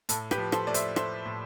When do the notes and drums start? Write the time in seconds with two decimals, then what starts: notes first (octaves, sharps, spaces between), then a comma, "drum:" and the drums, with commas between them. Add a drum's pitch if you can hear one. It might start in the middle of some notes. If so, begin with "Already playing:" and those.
0.09 A2 A4, drum: hi-hat
0.31 G4 B4, drum: rim click
0.38 F3
0.52 A4 C5, drum: rim click
0.67 A2 D5
0.74 C5 E5, drum: hi-hat
0.96 A3 C5 E5, drum: rim click
1.26 A2